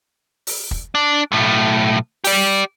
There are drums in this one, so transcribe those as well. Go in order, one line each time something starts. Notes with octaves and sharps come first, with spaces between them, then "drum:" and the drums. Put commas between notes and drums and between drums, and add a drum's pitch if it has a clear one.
drum: open hi-hat
drum: kick
D4
B1 A2
G4 D5, drum: open hi-hat